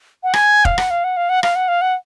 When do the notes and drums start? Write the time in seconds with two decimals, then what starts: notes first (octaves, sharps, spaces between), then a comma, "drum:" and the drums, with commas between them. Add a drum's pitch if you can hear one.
0.23 F#5
0.34 G#5, drum: rim click
0.65 F5, drum: kick F1
0.78 F#5, drum: rim click
0.90 F5
1.04 F#5
1.17 F5
1.29 F#5
1.43 F5, drum: rim click
1.56 F#5
1.68 F5
1.81 F#5